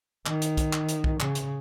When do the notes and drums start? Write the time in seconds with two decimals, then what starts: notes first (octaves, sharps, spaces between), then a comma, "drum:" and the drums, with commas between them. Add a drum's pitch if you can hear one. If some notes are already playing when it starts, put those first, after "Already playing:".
0.26 D#3, drum: clap
0.42 drum: hi-hat
0.57 drum: kick B1, hi-hat
0.73 drum: clap
0.89 drum: hi-hat
1.04 drum: kick B1
1.20 C#3, drum: clap
1.35 drum: hi-hat